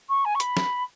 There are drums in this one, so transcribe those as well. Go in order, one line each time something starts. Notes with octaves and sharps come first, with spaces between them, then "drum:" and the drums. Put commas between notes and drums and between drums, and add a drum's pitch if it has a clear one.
C#6
G#5
C#6
B5, drum: hi-hat
drum: snare